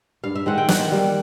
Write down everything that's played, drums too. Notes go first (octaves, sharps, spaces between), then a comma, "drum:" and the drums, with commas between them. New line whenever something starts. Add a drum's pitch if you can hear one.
G2 F5
E5
D#3 G#3 C4 F#5
G5
D#3 F#5, drum: snare
G3 A#3